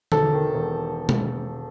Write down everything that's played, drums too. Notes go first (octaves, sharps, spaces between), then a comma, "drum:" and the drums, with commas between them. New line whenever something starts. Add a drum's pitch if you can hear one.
E1 A4, drum: tom D3
D#3
E1
drum: tom